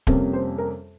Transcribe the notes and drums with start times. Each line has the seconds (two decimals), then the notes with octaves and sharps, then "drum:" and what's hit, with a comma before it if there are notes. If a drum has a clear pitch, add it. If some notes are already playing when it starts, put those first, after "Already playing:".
0.07 F2 C3 G3 A#3 C#4, drum: kick D1
0.33 C5
0.58 A#4